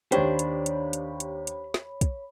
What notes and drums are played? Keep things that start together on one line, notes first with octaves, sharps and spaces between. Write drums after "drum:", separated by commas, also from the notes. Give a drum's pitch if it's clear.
D#2 D4 G4 C5 C#5 B5, drum: hi-hat
drum: hi-hat
drum: hi-hat
drum: hi-hat
drum: hi-hat
drum: hi-hat
drum: snare
drum: kick, hi-hat